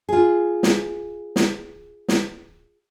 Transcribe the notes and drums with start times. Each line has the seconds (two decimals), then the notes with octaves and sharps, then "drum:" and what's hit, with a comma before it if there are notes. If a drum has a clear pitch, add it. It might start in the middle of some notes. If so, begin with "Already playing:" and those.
0.09 F4 G#4
0.63 drum: snare
1.36 drum: snare
2.08 drum: snare